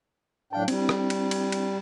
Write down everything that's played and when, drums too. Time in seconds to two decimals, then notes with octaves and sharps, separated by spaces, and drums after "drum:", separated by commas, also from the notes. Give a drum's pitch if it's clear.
0.53 A2 F#3 D4 F5 G5 A5
0.68 G3 C4 D4 E4, drum: cymbal
0.89 drum: rim click
1.10 drum: cymbal
1.31 drum: cymbal
1.52 drum: cymbal